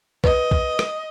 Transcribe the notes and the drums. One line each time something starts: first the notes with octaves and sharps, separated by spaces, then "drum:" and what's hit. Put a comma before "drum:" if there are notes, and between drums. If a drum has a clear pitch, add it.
B4 D#5, drum: kick
drum: kick
drum: rim click